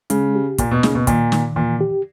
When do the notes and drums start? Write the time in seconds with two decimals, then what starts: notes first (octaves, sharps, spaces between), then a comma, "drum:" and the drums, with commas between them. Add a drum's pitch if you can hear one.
0.10 C#3 G#3, drum: hi-hat
0.35 G4
0.58 A#2 A#3, drum: kick, hi-hat
0.71 B2
0.83 C#3 A#3, drum: snare
0.95 B2
1.07 A#2 D#3, drum: kick, hi-hat
1.32 D#3, drum: snare
1.56 A#2 E3
1.81 G4